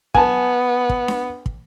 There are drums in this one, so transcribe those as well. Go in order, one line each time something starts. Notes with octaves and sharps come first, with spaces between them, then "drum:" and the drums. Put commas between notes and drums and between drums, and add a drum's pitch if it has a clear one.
B3 G#5 A5, drum: kick
drum: kick
drum: snare D4
drum: kick